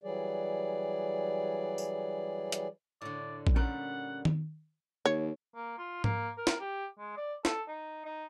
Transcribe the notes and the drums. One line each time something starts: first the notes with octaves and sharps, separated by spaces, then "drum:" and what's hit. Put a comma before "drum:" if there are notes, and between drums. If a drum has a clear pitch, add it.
E3 F#3 G3 G#4 D5
drum: tambourine
drum: hi-hat
A2 D3 D5
drum: kick A#1
A#2 G3 C#4 A#4 F#5
drum: tom D#3
D#2 C#5
A#3
F4
A#3, drum: tom G#2
A#4
drum: snare
G4
G#3
D5
A4, drum: snare
D#4
D#4